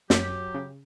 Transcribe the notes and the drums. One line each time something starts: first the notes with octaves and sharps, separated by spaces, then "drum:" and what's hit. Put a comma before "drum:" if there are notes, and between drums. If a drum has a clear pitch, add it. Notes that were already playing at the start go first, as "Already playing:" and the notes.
F#2 F#3 G4 B6, drum: snare
C#3